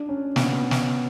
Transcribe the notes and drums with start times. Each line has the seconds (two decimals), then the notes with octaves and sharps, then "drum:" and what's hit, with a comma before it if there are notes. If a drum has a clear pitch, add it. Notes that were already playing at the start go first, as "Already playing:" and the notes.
Already playing: D4
0.09 C#4
0.36 B3, drum: snare
0.71 drum: snare